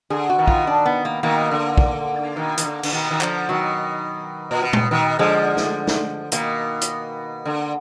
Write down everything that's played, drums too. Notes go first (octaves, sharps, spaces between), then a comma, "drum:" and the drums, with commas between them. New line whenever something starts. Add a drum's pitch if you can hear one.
D3 G#4
F#4
B2 D#3
F4, drum: kick
D4
B3
A#3
B2 D#3 A#3
D3
drum: kick
B2 D#3
D#3, drum: hi-hat
D3
D3, drum: cymbal
B2 D#3
D#3
D3 F3, drum: clap
B2 D#3 F#3
A#2
B2
drum: tom
B2 D#3
D3 F3 G#3
drum: snare
drum: snare
B2 D#3 A#3, drum: hi-hat
drum: hi-hat
D3